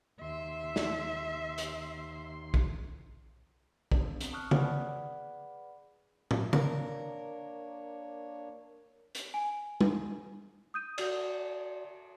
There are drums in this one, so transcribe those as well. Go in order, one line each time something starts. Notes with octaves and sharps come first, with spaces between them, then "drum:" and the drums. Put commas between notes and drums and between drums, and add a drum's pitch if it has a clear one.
D#2 E5 C6
drum: snare
drum: hi-hat
drum: kick
B3 D4, drum: kick
C4, drum: hi-hat
A5 C#6 D#6 F6 F#6
G#4 B4 D5 F#5 B5, drum: tom C#3
drum: tom
A#3 D4 A#4 C#5, drum: tom C#3
drum: hi-hat
G#5
drum: tom G3
D#6 G6 D#7
F#4 D5, drum: cymbal